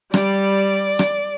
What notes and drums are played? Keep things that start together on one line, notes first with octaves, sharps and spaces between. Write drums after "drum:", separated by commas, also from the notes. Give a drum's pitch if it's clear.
G3 D5, drum: rim click
drum: rim click